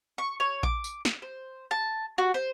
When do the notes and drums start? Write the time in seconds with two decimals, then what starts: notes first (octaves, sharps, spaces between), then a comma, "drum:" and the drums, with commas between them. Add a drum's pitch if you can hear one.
0.18 C#6
0.40 C#5
0.63 D6, drum: kick A#1
0.84 drum: tambourine
1.05 drum: snare
1.22 C5
1.71 A5
2.18 F#4
2.34 C5